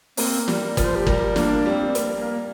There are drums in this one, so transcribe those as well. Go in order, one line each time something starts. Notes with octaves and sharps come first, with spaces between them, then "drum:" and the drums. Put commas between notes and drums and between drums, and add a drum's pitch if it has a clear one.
A#3 C4, drum: open hi-hat
A#3
G3, drum: snare
A#4
F3, drum: kick, hi-hat
C5
G4
G3 A#4, drum: kick
A#3 D4, drum: snare
G3 C4 D4
A#3, drum: hi-hat
A#3